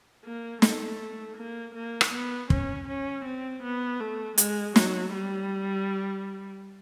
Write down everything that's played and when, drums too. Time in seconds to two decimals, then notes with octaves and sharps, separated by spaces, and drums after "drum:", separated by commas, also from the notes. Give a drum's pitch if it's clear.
0.25 A#3
0.62 A3, drum: snare
1.37 A#3
1.75 A#3
2.01 drum: rim click
2.12 B3
2.50 C#4, drum: kick
2.88 C#4
3.25 C4
3.63 B3
4.00 A3
4.38 G#3, drum: hi-hat
4.76 F#3, drum: snare
5.13 G3